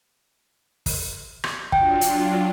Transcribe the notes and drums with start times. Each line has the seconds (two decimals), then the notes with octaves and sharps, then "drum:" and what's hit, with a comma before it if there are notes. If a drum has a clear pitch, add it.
0.86 drum: kick, open hi-hat
1.44 drum: rim click
1.72 F#3 D4 F4 G5, drum: kick
2.01 drum: hi-hat